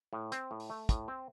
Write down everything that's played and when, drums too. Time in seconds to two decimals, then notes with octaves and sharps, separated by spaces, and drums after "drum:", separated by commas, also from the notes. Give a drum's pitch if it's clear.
0.13 A2
0.32 C4, drum: hi-hat
0.51 A2
0.60 drum: open hi-hat
0.70 A3
0.89 A2, drum: kick, hi-hat
1.08 C4